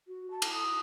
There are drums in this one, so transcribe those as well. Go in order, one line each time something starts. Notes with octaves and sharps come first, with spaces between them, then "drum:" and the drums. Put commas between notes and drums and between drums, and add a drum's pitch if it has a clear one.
F#4
A5
drum: cymbal
D#6